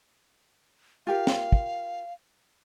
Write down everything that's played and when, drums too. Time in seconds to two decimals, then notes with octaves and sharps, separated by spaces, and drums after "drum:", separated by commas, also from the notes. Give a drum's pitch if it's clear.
1.07 F4 G4 A#4 F5
1.27 drum: snare
1.52 drum: kick